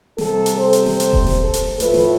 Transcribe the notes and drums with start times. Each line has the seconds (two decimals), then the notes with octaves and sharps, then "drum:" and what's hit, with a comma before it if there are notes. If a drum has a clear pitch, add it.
0.18 C3 G3 A4, drum: snare
0.46 drum: hi-hat
0.59 C5
0.73 drum: hi-hat
0.86 drum: snare
1.00 drum: hi-hat
1.13 drum: kick E1
1.27 drum: snare
1.40 A4
1.54 drum: hi-hat
1.80 A2 F3 A3 B4, drum: hi-hat
1.94 drum: snare